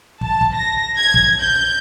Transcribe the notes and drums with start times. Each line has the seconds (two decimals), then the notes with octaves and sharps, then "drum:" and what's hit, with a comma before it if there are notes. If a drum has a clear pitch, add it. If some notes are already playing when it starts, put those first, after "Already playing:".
0.21 A5, drum: kick
0.41 drum: kick
0.54 A#6
0.98 G#6
1.14 drum: kick
1.41 G6